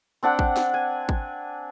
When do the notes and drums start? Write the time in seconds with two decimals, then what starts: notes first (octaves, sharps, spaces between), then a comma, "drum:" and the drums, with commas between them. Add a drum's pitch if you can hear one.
0.23 C4 D4 F#5 G5
0.39 drum: kick
0.56 drum: snare
0.74 G#5
1.09 drum: kick